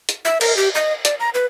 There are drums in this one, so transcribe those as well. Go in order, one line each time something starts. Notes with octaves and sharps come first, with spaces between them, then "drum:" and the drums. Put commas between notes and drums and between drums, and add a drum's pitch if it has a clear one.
drum: hi-hat
E5
A#4, drum: cymbal
G4
D#5
D5, drum: hi-hat
A#5
B4